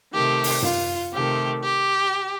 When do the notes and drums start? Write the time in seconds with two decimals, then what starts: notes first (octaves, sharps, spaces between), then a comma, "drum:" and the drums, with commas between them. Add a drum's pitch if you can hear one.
0.13 C3 D#3 A3 G4
0.44 drum: open hi-hat
0.62 F4, drum: tom F#2
1.13 C3 D#3 A3 G4
1.64 G4